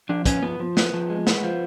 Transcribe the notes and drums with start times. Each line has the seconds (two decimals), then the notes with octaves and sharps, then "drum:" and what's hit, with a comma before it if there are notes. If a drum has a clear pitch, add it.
0.09 F3 D4
0.26 B3 C#4, drum: kick, hi-hat
0.42 F3 B3
0.59 F3
0.77 B3, drum: snare
0.94 F3
1.10 G#3
1.27 B3, drum: snare
1.44 F3